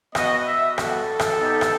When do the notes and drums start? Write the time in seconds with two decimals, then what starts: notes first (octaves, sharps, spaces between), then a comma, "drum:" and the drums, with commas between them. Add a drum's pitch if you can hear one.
0.15 B3 F#4 D#5, drum: rim click
0.46 E5
0.78 G3 B3 F#4 A4, drum: rim click
1.19 drum: rim click
1.40 B3 D#4 G4
1.61 drum: rim click